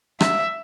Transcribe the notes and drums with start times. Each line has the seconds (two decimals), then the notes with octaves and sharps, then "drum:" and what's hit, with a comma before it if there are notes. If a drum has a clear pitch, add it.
0.21 E5, drum: rim click